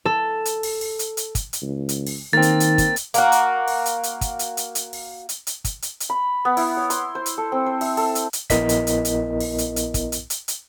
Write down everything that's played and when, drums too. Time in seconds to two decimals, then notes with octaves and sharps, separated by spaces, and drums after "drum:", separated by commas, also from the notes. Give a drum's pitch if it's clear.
0.05 A4
0.45 drum: hi-hat
0.63 drum: open hi-hat
0.81 drum: open hi-hat
0.99 drum: hi-hat
1.17 drum: hi-hat
1.35 drum: kick, hi-hat
1.53 drum: hi-hat
1.62 C#2
1.89 drum: hi-hat
2.07 drum: open hi-hat
2.33 D#3 A#3 C4 A6
2.42 drum: hi-hat
2.60 drum: hi-hat
2.78 drum: kick, hi-hat
2.96 drum: hi-hat
3.14 A#3 F#4, drum: hi-hat
3.32 drum: hi-hat
3.68 drum: open hi-hat
3.86 drum: hi-hat
4.03 drum: hi-hat
4.21 drum: kick, hi-hat
4.39 drum: hi-hat
4.57 drum: hi-hat
4.75 drum: hi-hat
4.93 drum: open hi-hat
5.29 drum: hi-hat
5.47 drum: hi-hat
5.65 drum: kick, hi-hat
5.82 drum: hi-hat
6.00 drum: hi-hat
6.10 B5
6.45 B3
6.57 E4, drum: open hi-hat
6.77 C#5
6.90 C6, drum: hi-hat
7.15 C5
7.26 drum: hi-hat
7.38 A4
7.52 C4
7.66 C5
7.81 E5, drum: open hi-hat
7.97 A4, drum: open hi-hat
8.15 drum: hi-hat
8.33 drum: hi-hat
8.50 A#1 B3 E4 A#4 D#5 B6, drum: kick, hi-hat
8.69 drum: hi-hat
8.87 drum: hi-hat
9.05 drum: hi-hat
9.40 drum: open hi-hat
9.58 drum: hi-hat
9.76 drum: hi-hat
9.94 drum: kick, hi-hat
10.12 drum: hi-hat
10.30 drum: hi-hat
10.48 drum: hi-hat